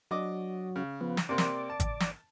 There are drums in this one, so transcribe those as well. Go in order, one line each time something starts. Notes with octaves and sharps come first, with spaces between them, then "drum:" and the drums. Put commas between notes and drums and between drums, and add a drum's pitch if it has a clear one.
F#3 D4 D#5 D6
C#3
F3 B3
drum: snare
C3 A#3 C4 D5
drum: snare
A5
drum: kick G#1, hi-hat
drum: snare